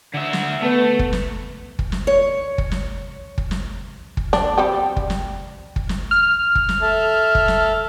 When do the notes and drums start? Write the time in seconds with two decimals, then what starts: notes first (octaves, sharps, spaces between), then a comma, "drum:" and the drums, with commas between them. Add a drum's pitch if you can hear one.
0.14 D3 E5
0.33 drum: snare
0.62 A3 B3
0.99 drum: kick
1.13 drum: snare
1.79 drum: kick
1.92 drum: snare
2.07 C#5
2.58 drum: kick
2.71 drum: snare
3.38 drum: kick
3.51 drum: snare
4.17 drum: kick
4.33 D4, drum: snare
4.58 G3 C4 G4
4.97 drum: kick
5.10 drum: snare
5.76 drum: kick
5.89 drum: snare
6.11 F6
6.55 drum: kick
6.69 drum: snare
6.82 A4 E5 A5
7.35 drum: kick
7.48 drum: snare